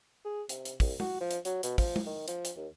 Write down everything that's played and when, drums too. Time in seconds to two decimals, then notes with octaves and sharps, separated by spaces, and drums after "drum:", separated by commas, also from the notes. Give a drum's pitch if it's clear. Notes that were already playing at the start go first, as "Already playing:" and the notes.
0.25 G#4
0.49 C3, drum: hi-hat
0.65 drum: hi-hat
0.80 C2, drum: kick, open hi-hat
1.00 F#4, drum: tom G#3
1.21 F3
1.31 drum: hi-hat
1.45 F#3, drum: hi-hat
1.63 B2, drum: hi-hat
1.78 F3, drum: kick, open hi-hat
1.96 drum: tom G#3
2.06 D#3
2.28 F3, drum: hi-hat
2.45 drum: hi-hat
2.56 D#2